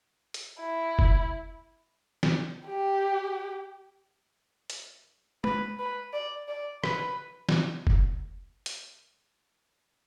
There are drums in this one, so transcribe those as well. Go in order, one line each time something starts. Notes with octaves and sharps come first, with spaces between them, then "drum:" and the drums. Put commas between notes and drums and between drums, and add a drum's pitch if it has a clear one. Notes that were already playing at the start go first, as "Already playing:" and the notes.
drum: hi-hat
E4
drum: kick
drum: snare
G4
drum: hi-hat
B4, drum: tom G#3
B4
D5
D5
B4, drum: rim click
drum: snare
drum: kick
drum: hi-hat